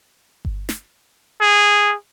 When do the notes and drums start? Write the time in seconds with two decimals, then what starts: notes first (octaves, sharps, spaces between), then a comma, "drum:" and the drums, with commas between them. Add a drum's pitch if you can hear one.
0.45 drum: kick G1
0.69 drum: snare
1.41 G#4